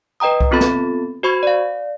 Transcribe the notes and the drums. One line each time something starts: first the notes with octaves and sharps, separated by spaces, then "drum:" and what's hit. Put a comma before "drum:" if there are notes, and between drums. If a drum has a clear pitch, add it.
B4 D#5 G5 A#5 D#6
drum: kick C2
B3 C4 F4 A4 B5 A6
drum: snare
F#4 C5 B5 C#6 G#6
D5 F5